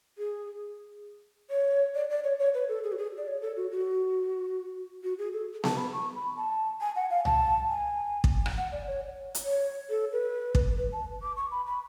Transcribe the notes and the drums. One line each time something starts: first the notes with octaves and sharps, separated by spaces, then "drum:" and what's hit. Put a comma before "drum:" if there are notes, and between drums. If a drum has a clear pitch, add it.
G#4
C#5
D5
D5
C#5
C#5
B4
A4
G#4
F#4
G#4
D5
C#5
A4
F#4
F#4
F#4
G#4
A4
A5, drum: snare B3
B5
C#6
B5
A5
G#5
F#5
F5
A5, drum: tom C2
G#5
drum: kick
drum: rim click
F#5
D5
C#5
drum: hi-hat
C#5
A4
B4
drum: kick
B4
A5
D6
C#6
B5
B5